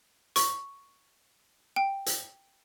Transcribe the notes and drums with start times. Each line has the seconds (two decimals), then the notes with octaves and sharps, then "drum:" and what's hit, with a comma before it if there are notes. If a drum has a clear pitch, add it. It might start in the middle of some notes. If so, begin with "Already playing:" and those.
0.36 C#6, drum: hi-hat
1.76 G5
2.06 drum: hi-hat